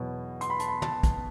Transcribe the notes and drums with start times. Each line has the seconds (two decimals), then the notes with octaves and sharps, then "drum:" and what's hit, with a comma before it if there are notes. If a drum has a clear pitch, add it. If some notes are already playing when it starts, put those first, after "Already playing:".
Already playing: E2 B2 F#3
0.41 C6, drum: hi-hat
0.50 B5
0.60 A5, drum: hi-hat
0.68 B5
0.82 A5, drum: tom
1.03 drum: kick, hi-hat